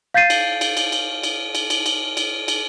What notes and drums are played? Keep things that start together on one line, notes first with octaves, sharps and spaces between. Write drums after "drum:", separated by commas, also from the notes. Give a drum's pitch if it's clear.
F5 G6 A6 C7 D#7
drum: cymbal
drum: cymbal
drum: cymbal
drum: cymbal
drum: cymbal
drum: cymbal
drum: cymbal
drum: cymbal
drum: cymbal
drum: cymbal